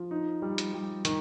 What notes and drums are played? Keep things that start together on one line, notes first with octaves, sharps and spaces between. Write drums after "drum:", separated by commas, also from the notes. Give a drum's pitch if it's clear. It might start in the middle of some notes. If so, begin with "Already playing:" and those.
Already playing: F3
D#4
G3
drum: hi-hat
G3
D#3, drum: hi-hat